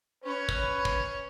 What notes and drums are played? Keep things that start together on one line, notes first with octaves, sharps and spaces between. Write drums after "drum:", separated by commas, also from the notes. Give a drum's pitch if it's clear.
C#4 B4 C#5
drum: kick
drum: kick